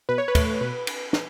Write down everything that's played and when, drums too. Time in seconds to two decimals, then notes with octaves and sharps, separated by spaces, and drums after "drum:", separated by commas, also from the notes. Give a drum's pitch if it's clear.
0.09 B2 B4
0.18 C#5
0.28 B4
0.35 A3, drum: kick, cymbal
0.61 B2 B4
0.87 drum: cymbal
1.13 drum: snare